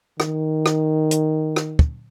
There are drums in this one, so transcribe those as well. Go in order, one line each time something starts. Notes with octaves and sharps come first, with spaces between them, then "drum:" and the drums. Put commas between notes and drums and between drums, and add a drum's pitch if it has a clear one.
D#3, drum: rim click
drum: rim click
drum: hi-hat
drum: rim click
drum: kick